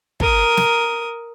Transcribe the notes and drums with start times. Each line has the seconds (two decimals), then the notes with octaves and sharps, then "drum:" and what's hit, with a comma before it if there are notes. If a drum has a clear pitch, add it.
0.20 A#4 D#6, drum: kick
0.57 drum: snare